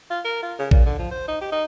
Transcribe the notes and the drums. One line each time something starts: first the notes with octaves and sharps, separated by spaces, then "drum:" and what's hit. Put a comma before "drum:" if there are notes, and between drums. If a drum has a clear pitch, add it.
F4
A#4
F4
C#3
A#2, drum: kick A1
D3
F3
C5
D#4
G4
D#4